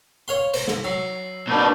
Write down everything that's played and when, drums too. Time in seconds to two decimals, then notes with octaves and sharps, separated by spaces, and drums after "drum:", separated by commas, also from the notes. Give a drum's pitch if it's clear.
0.28 C#5 F5 C6
0.54 C5, drum: cymbal
0.68 drum: snare
0.84 F#3 E6 C7
1.47 A#2 D4 B4 G6